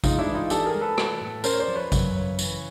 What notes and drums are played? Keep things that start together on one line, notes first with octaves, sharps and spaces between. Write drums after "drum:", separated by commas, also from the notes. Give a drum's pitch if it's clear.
G#3 D#4 F4, drum: kick A1, tambourine
D4 E4
E3
D#4 F4
D4 G4 A4, drum: tambourine
G#4 A#4
G#3
A4 B4
A#3, drum: rim click
A2
C#4 A#4 C5, drum: tambourine
C#5
C5 D5
F3
B4 C#5
F#2, drum: kick A1, tambourine
C#3
E3, drum: tambourine